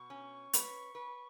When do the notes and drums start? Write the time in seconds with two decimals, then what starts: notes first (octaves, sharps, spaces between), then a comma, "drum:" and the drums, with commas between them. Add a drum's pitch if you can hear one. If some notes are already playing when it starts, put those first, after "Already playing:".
Already playing: B2 C#6
0.10 C#4
0.53 B4, drum: hi-hat
0.95 B4